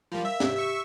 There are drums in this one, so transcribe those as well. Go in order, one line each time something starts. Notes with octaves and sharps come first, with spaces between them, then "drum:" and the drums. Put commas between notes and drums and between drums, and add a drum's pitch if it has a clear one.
F3 G3 A#4 F5 B5
E5
G4, drum: snare
E5 C#6 E6